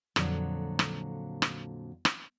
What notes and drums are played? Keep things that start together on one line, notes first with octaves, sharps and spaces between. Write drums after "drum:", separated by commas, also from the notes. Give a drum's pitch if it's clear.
F2 A#2 D3 F#3, drum: rim click
drum: rim click
drum: rim click
drum: rim click